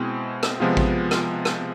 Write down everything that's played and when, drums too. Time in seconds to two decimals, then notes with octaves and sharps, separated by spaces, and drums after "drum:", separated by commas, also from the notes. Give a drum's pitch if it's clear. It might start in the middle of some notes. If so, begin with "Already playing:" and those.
Already playing: B2 G#3 C4 E4
0.43 drum: rim click
0.60 C3 F3 G#3 B3 F4
0.77 drum: kick A1
1.11 drum: rim click
1.45 drum: rim click